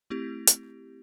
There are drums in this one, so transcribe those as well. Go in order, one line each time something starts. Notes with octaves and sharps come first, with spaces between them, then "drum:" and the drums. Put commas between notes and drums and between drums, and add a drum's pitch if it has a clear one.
A3 C4 E4 G4
drum: hi-hat